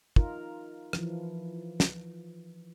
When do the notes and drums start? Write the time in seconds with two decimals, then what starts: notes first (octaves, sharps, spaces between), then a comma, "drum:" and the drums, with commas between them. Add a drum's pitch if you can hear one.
0.16 D#4 F4 A#4, drum: kick
0.93 E3 F3, drum: rim click
1.80 drum: snare